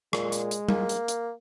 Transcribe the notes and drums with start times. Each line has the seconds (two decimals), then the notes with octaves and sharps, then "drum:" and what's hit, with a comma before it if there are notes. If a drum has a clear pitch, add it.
0.13 A#2 G#3, drum: rim click
0.32 drum: hi-hat
0.51 drum: hi-hat
0.69 A#3, drum: tom G3
0.89 drum: hi-hat
1.08 drum: hi-hat